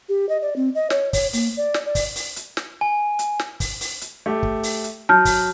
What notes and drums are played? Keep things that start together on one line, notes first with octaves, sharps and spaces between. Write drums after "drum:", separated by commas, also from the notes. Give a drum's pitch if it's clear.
G4
D#5
D5
C4
D#5
C#5, drum: snare
C#5, drum: kick, open hi-hat
A#3, drum: open hi-hat
D5
drum: snare
D5
drum: kick, open hi-hat
drum: open hi-hat
drum: hi-hat
drum: snare
G#5
drum: hi-hat
drum: snare
drum: kick, open hi-hat
drum: open hi-hat
drum: hi-hat
A3 G4
drum: kick
drum: open hi-hat
drum: hi-hat
F#3 A5 F6 G6
drum: kick, open hi-hat